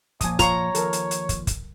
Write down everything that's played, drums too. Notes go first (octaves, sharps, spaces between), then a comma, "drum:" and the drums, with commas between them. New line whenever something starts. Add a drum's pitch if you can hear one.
A#2 F3 G#5 A5 D#6, drum: kick, hi-hat
F4 C#5 A#5 C6 C#6, drum: kick, hi-hat
D#2 F3 A4 A#4, drum: hi-hat
drum: hi-hat
drum: hi-hat
drum: kick, hi-hat
drum: kick, hi-hat